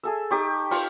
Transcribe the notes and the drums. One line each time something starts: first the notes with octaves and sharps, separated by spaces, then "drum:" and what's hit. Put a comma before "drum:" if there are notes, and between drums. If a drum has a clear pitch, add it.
G#4 A4 E5
D#4 G4 C#6
F4, drum: open hi-hat